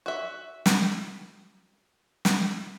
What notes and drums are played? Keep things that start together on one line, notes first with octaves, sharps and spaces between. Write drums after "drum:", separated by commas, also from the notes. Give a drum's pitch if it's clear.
F#4 E5
drum: snare
drum: snare